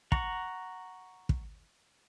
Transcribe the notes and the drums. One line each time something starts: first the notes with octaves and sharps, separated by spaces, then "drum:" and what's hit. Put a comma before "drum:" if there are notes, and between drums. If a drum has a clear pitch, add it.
F#5 A#5 C#6, drum: kick
drum: kick